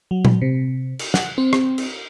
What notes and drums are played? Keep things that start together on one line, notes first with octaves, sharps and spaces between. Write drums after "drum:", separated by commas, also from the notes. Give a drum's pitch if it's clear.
F#3
drum: tom A#2
C3
drum: cymbal
F#5, drum: snare
C4
drum: rim click
drum: cymbal